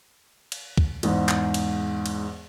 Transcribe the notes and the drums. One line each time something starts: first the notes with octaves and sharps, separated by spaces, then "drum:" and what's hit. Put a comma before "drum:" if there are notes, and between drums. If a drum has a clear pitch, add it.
drum: cymbal
drum: kick
E2 G#2, drum: cymbal
drum: clap
drum: cymbal
drum: cymbal